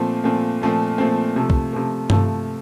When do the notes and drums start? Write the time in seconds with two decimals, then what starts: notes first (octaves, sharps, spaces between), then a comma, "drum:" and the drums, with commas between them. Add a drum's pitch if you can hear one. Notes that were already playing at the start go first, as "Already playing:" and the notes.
Already playing: A#2 F3 A3 C4
0.24 A#2 F3 A3 C4
0.61 A#2 F3 A3 C4
0.98 A#2 F3 A3 C4
1.36 C3 F3 A3
1.50 drum: kick
1.73 C3 F3 A3
2.10 C3 F3 A3, drum: tom G2